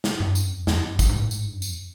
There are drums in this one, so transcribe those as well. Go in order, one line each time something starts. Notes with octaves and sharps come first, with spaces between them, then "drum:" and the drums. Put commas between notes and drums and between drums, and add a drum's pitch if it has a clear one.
drum: snare
G2
F#2, drum: tambourine
F2
F2, drum: snare
F#2
drum: kick, tambourine
G#2
A2
G#2, drum: tambourine
G2
F#2
F2, drum: tambourine